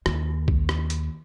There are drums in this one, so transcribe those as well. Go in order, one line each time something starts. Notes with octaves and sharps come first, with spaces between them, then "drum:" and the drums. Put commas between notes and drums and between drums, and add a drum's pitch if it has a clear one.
D#2, drum: rim click
drum: kick B1
drum: rim click
drum: hi-hat